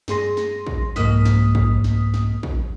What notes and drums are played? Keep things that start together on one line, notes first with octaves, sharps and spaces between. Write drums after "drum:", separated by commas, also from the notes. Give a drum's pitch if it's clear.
G2 G#4 C6 A#6, drum: snare
drum: snare
drum: kick
C2 F2 G#2 A#3 D#6 B6, drum: snare
drum: snare
drum: kick
drum: snare
drum: snare
drum: kick